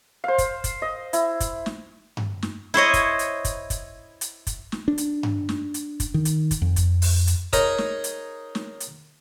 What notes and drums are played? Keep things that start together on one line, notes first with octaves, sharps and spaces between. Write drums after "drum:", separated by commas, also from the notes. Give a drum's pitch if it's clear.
C5 F5
drum: kick, hi-hat
drum: kick, hi-hat
D#5
E4, drum: hi-hat
drum: kick, hi-hat
drum: snare
drum: tom G2
drum: snare
E4 C5 C#5 D#5
drum: kick, hi-hat
drum: hi-hat
drum: kick, hi-hat
drum: kick, hi-hat
drum: hi-hat
drum: kick, hi-hat
drum: snare
D4
drum: hi-hat
drum: tom G2
drum: snare
drum: hi-hat
drum: kick, hi-hat
D#3
drum: hi-hat
drum: kick, hi-hat
F2
drum: kick, hi-hat
drum: open hi-hat
drum: hi-hat
D#4 G#4 A#4 C#5 A#5 B5, drum: kick, hi-hat
drum: snare
drum: hi-hat
drum: snare
drum: hi-hat